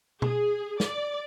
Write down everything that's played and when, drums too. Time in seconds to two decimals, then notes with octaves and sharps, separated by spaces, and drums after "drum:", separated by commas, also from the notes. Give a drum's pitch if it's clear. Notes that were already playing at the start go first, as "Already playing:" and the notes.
0.22 G#4, drum: tom
0.80 D5, drum: snare